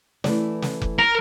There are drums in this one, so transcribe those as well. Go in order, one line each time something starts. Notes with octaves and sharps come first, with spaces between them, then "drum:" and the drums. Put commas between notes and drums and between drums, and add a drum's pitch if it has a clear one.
E3 A3 D5, drum: snare
drum: snare
drum: kick F1
A#4